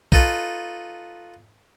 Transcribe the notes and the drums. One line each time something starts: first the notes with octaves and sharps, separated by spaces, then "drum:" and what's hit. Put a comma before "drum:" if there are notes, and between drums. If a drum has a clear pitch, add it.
D#4 F4 A4 B4 C#5, drum: kick B1